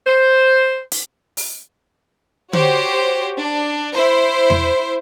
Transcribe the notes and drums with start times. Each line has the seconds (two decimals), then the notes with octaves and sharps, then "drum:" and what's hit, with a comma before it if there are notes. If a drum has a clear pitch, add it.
0.07 C5
0.92 drum: hi-hat
1.37 drum: open hi-hat
2.53 F#4 G4 C5 C#5, drum: tom D3
3.38 D4
3.93 E4 C5
4.50 drum: tom E2